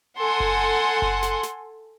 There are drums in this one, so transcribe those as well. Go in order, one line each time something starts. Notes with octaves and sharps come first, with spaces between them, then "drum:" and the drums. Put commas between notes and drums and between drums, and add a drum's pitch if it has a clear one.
A4 F#5 G#5 C6
drum: kick F#1
drum: kick F#1
drum: snare
drum: snare